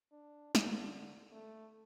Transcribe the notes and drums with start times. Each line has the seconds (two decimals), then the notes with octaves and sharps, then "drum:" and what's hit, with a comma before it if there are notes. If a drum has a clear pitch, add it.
0.12 D4
0.55 D3, drum: snare
1.32 A3